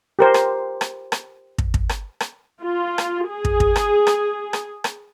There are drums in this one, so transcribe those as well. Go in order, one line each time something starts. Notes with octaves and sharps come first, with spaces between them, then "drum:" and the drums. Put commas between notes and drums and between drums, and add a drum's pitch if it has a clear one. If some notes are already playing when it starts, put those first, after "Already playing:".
G4 A#4 C5
drum: rim click
drum: rim click
drum: rim click
drum: kick
drum: kick
drum: rim click
drum: rim click
F4
drum: rim click
G#4
drum: kick
drum: kick
drum: rim click
drum: rim click
drum: rim click
drum: rim click